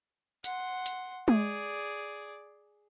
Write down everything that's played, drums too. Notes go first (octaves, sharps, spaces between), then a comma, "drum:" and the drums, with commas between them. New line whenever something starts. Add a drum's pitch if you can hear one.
F#5 C6, drum: hi-hat
drum: hi-hat
G#4 D5, drum: tom G#3